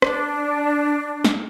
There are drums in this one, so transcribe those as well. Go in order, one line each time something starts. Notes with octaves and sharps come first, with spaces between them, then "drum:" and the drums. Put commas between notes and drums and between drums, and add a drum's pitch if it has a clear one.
D4, drum: rim click
drum: snare